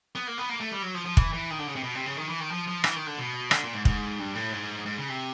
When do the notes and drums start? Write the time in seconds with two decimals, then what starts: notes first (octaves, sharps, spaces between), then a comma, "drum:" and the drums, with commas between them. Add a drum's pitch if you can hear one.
0.15 B3
0.27 A#3
0.38 B3
0.49 A#3
0.60 A3
0.71 G3
0.82 F#3
0.94 F3
1.06 F3
1.17 E3, drum: kick
1.33 E3
1.50 D#3
1.59 D3
1.67 C#3
1.75 C3
1.83 B2
1.95 C3
2.06 C#3
2.17 D#3
2.28 E3
2.40 D#3
2.51 F3
2.68 F3
2.84 E3, drum: rim click
2.96 D#3
3.06 D3
3.18 B2
3.51 D3, drum: rim click
3.63 A#2
3.73 G#2
3.85 G#2, drum: kick
4.19 G2
4.35 A2
4.52 G#2
4.86 G#2
4.97 C#3
5.09 C3